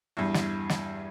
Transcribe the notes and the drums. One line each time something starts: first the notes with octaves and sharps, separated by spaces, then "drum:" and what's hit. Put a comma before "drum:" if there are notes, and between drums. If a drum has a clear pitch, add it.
E2 G2
drum: snare
drum: snare